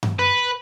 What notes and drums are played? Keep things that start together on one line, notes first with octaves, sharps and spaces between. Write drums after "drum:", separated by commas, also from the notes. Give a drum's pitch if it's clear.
drum: tom G2
B4